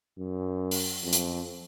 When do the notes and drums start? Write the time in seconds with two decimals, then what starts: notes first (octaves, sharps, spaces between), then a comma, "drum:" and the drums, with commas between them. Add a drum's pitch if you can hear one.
0.18 F#2
0.71 drum: open hi-hat
1.04 F2
1.13 drum: hi-hat